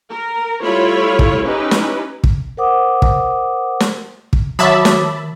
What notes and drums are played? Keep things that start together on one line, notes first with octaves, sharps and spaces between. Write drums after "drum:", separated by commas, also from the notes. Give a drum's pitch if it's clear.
A#4
G3 A3 E4 F4 C#5 B5
drum: kick
C#4 D#4 E4 G4 B4
drum: snare
drum: kick
A#4 C5 F#5 D6 D#6
drum: kick
drum: snare
drum: kick
D#3 F#3 C#5 E5 A5 B5 D6 D#6
drum: snare